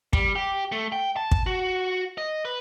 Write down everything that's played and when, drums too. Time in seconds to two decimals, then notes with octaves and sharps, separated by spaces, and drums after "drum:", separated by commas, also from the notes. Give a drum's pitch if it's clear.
0.13 G3, drum: kick
0.36 G4
0.72 A3
0.92 G5
1.17 A5
1.31 drum: kick
1.47 F#4
2.18 D#5
2.45 B4